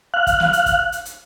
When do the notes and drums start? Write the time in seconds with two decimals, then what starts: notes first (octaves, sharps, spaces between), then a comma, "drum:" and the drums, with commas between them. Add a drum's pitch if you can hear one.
0.14 F5 F#6
0.27 drum: kick, hi-hat
0.40 drum: snare
0.53 drum: hi-hat
0.66 drum: kick, hi-hat
0.92 drum: hi-hat
1.05 drum: hi-hat